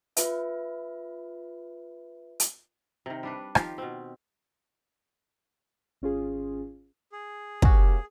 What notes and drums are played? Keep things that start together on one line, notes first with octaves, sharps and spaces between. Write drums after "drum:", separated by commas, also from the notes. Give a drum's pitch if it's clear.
F4 B4 E5, drum: hi-hat
drum: hi-hat
C3 D#3
G3 D4 B4
D#3 F3 F4 G4, drum: rim click
B2 C4
G#1 C#4 F4 G#4
G#4
A#3 C#4 F#4 G4, drum: kick